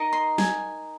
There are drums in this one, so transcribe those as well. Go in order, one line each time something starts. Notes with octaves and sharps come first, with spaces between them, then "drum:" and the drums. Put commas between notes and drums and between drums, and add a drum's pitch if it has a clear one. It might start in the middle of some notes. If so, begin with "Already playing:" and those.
Already playing: D#4 A#4 D#5
C6
G#5, drum: snare